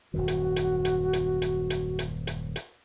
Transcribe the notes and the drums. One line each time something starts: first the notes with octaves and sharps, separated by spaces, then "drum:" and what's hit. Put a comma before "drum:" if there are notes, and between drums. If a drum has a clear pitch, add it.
D#1 F#2 D#3 F#4
drum: hi-hat
drum: hi-hat
drum: hi-hat
drum: hi-hat
drum: hi-hat
drum: hi-hat
drum: hi-hat
drum: hi-hat
drum: hi-hat